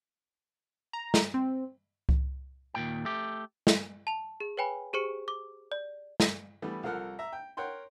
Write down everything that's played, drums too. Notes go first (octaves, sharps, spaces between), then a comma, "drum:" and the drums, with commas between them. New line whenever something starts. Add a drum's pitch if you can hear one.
A#5
drum: snare
C4
drum: kick C2
D#2 A#2 G5
A3 G4
drum: snare
A5 F7
G#4
B4 C#5 G5 G#5 B5
G4 G#4 C5 C#6 C#7
D6
D5
drum: snare
E3 G3 A3 B3
C2 F3 A4 A#4 F#5 F6
E5 A#5
G5
A#4 C#5 F#5 G5 C6